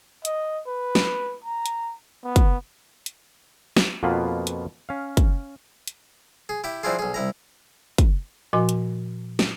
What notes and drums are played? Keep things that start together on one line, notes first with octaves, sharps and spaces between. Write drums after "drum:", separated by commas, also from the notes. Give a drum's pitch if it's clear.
D#5, drum: hi-hat
B4
drum: snare
A#5
drum: hi-hat
B3
drum: kick, hi-hat
drum: hi-hat
drum: snare
F2 B2 A#3 B3 F4 B4
drum: hi-hat
C#4 F5
drum: kick, hi-hat
drum: hi-hat
G#4
E4 G4 E5
F3 C4 D4 E4 F4 G#4
B1 G#4
C2 E4 A#5
drum: kick, hi-hat
A#2 F3 F#4 D#5 G#5 C6
drum: hi-hat
drum: snare